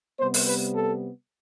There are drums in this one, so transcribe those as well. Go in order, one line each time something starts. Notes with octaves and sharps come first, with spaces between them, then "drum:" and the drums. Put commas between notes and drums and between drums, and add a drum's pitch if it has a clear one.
C3 G3 B3 C5
drum: open hi-hat
B4
A4